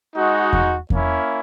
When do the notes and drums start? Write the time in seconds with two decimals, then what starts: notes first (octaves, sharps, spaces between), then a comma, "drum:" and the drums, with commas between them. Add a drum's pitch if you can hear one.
0.15 G#3 D#4 F#4
0.53 drum: kick E2
0.90 A#3 C#4 E4, drum: kick E2